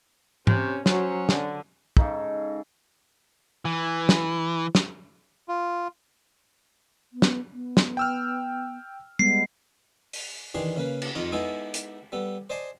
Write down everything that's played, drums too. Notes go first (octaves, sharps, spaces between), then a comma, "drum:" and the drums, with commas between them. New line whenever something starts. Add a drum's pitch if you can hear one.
C3 C#4, drum: tom G#2
F#3 C#4 C5, drum: snare
D3, drum: snare
G#2 C#3 D#4 A4, drum: kick
E3
drum: snare
drum: snare
F4
B3
drum: snare
B3
drum: snare
G5 E6 F6
G3 G#3 B3 C7
drum: open hi-hat
D#3 E3 D4 G4 G#4 C6
C#3 A#3 B4
drum: cymbal
F2 D#4 F4 D#6
G#3 B3 D#4 E4 G#4 A4
drum: hi-hat
G3 B3 A4
C5 D5 D#5 G#5 A5 C6